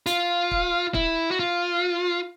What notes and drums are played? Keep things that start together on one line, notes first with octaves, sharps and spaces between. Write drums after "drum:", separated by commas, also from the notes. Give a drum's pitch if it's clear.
F4, drum: hi-hat
drum: kick
E4, drum: kick
F#4
F4